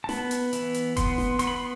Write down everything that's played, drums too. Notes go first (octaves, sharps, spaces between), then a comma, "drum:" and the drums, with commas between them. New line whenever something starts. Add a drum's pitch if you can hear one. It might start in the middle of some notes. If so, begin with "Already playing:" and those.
A5
B3 B5, drum: snare
drum: hi-hat
E3, drum: hi-hat
drum: hi-hat
B3 C6, drum: kick F1, hi-hat
drum: snare
B3 C6, drum: hi-hat
B5
C6